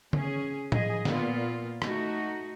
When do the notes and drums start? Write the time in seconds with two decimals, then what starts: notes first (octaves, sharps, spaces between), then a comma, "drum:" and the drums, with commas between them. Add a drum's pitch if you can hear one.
0.13 C#4 G#4, drum: tom C#3
0.72 F3 G#4 D#5, drum: tom A2
1.05 A#2 B3 F4, drum: snare
1.82 A3 D#4 F#4, drum: rim click